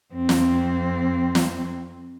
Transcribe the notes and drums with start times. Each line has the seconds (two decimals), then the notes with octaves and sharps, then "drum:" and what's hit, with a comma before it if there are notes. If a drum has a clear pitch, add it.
0.14 F2 C4
0.29 drum: snare
1.35 drum: snare